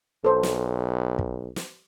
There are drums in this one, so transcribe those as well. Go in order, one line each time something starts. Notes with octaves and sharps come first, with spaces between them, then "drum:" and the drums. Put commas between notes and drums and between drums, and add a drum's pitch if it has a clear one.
B1 A4 C5
drum: snare
drum: kick
drum: snare